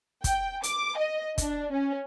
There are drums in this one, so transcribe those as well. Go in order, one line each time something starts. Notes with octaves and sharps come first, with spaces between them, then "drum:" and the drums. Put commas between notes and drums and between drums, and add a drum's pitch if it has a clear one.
G5, drum: kick, hi-hat
D6, drum: hi-hat
D#5
D4, drum: kick, hi-hat
C#4